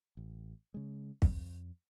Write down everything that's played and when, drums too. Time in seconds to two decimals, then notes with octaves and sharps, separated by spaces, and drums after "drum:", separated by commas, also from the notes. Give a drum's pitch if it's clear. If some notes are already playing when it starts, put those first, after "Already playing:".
0.17 A1
0.74 C#3 G#3
1.22 F2, drum: kick